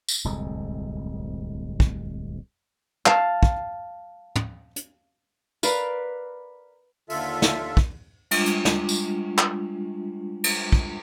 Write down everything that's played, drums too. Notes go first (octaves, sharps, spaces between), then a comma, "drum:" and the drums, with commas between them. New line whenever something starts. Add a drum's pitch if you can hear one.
drum: tambourine
D1 C2 F2 G#3
drum: kick
F5 A5, drum: clap
drum: kick
drum: tom
drum: hi-hat
A#4 B4 D5 F5, drum: tambourine
D#2 D3 F4 A4 E5, drum: open hi-hat
drum: snare
drum: kick
G3 G#3 D4 F4, drum: cymbal
drum: hi-hat
drum: snare
drum: tambourine
drum: clap
drum: cymbal
drum: kick